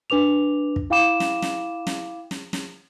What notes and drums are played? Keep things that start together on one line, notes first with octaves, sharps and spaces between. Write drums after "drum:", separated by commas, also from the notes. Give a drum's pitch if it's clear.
D4 B4 D6 F7
drum: kick
E4 F5 G5 B5 D6 E7
drum: snare
drum: snare
drum: snare
drum: snare
drum: snare